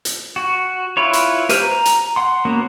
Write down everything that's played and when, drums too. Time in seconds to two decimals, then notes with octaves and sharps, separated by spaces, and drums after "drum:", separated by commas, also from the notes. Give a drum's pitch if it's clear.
0.05 drum: hi-hat
0.36 F#4
0.97 E4 F4 B4 C#5
1.13 drum: hi-hat
1.49 G4 B4 C5 F6, drum: hi-hat
1.62 A#5
1.85 drum: hi-hat
2.16 F#5 C6
2.45 A#3 B3 C#4 F#4